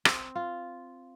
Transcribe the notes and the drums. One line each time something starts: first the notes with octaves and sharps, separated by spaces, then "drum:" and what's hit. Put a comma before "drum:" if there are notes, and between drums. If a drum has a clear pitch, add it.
C4, drum: rim click
F4